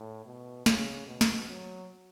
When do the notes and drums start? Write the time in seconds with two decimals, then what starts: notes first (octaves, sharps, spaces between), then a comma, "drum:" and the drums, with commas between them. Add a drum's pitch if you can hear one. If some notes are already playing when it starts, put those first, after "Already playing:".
Already playing: A2
0.26 B2
0.66 C#3, drum: snare
1.07 B2
1.21 drum: snare
1.48 F#3